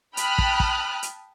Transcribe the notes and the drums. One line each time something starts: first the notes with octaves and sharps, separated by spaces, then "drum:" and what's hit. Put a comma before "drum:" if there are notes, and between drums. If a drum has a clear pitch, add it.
G5 A5 B5 D#6 F6 F#6, drum: hi-hat
drum: kick
drum: kick
drum: hi-hat